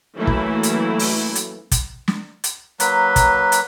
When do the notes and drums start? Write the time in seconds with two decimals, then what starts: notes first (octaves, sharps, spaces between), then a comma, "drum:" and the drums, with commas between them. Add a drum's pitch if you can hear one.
0.17 E3 F#3 A3 A#3 C#4 E4
0.27 drum: kick
0.63 drum: hi-hat
0.99 drum: open hi-hat
1.35 drum: hi-hat
1.71 drum: kick, hi-hat
2.08 drum: snare
2.44 drum: hi-hat
2.80 F#3 A#3 B4, drum: hi-hat
3.16 drum: kick, hi-hat
3.52 drum: hi-hat